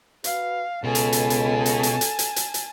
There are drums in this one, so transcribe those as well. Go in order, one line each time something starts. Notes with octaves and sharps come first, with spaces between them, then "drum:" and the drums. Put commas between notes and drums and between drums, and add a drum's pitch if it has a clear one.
F#4 B4 F5, drum: hi-hat
C#2 B2 A4 G#5 A5
drum: hi-hat
drum: hi-hat
drum: hi-hat
drum: hi-hat
drum: hi-hat
drum: hi-hat
drum: hi-hat
drum: hi-hat
drum: hi-hat